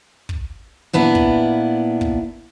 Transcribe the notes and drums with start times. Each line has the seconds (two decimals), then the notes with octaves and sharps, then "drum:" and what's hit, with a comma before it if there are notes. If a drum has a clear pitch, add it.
0.29 drum: kick
0.93 A#2 B3 D4 E4
1.15 drum: kick
2.01 drum: kick